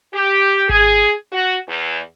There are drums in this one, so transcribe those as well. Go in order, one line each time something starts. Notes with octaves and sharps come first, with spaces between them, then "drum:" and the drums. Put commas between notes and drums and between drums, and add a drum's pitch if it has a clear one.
G4
G#4, drum: kick G#1
F#4
E2